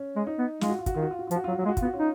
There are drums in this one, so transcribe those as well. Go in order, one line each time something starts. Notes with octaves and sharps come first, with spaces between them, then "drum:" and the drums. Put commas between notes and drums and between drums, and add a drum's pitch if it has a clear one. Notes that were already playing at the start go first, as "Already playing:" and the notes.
Already playing: C#4
G#3
D#4
B3
G#3 F4, drum: snare
F#4
F4
F#4, drum: kick, hi-hat
D#3 F4
F#4
F4
F#4
F4
F3, drum: hi-hat
F#4
F4
F#3
F#4
F#3 F4
G#3
F#4
F4, drum: kick, hi-hat
B3
F#4
C#4 F4
D#4